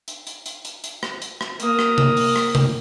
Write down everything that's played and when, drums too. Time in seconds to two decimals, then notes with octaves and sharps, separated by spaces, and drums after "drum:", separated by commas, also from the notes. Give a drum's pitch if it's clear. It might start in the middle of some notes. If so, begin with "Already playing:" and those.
0.08 drum: hi-hat
0.27 drum: hi-hat
0.46 drum: hi-hat
0.65 drum: hi-hat
0.84 drum: hi-hat
1.03 drum: rim click
1.22 drum: hi-hat
1.41 drum: rim click
1.60 A#3 D#6, drum: hi-hat
1.79 drum: rim click
1.98 drum: tom C3
2.17 drum: open hi-hat
2.36 drum: rim click
2.55 drum: tom C3